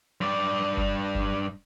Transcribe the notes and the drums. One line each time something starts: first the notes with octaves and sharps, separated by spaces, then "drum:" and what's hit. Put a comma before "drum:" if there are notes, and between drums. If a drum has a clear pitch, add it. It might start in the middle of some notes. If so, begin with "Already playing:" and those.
G2 D5
drum: kick F#1
drum: kick F#1